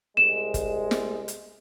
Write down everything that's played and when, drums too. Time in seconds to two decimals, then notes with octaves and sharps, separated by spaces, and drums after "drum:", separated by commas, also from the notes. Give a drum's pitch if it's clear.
0.17 C2 G#3 E7
0.54 drum: kick, hi-hat
0.91 drum: snare
1.28 drum: hi-hat